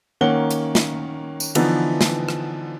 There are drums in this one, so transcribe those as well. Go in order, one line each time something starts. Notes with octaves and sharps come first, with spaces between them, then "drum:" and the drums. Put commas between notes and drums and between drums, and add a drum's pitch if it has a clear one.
D#3 A#3 C#4 F#5 G7
drum: hi-hat
drum: snare
drum: tambourine
D3 E3 F3 B3 D#4, drum: cymbal
drum: snare
drum: rim click